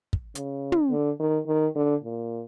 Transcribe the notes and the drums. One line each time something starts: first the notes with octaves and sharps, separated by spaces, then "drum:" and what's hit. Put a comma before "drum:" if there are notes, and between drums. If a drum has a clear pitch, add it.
drum: kick
C#3, drum: hi-hat
drum: tom
D3
D#3
D#3
D3
A#2